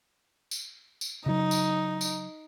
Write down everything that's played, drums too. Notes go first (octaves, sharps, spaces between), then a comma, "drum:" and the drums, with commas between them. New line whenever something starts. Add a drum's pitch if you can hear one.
drum: tambourine
drum: tambourine
C#3 F#3 D#4
drum: tambourine
drum: tambourine